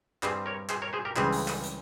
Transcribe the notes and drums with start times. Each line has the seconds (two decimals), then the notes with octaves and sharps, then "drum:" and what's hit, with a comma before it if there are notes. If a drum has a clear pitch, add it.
0.23 G2 G3 C4 G#4 C5, drum: clap
0.46 A#4 C#5
0.69 G#4 C5, drum: clap
0.82 A#4 C#5
0.93 G#4 C5
1.05 G4 A#4
1.16 C#2 C#3 E3 G3 C4 G#4 C5, drum: clap
1.32 drum: open hi-hat
1.48 drum: clap
1.63 drum: hi-hat